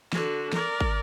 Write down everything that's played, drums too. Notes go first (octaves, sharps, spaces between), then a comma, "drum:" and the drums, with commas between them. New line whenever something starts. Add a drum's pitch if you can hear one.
D3 F#4, drum: snare
A#4 D5, drum: snare
drum: kick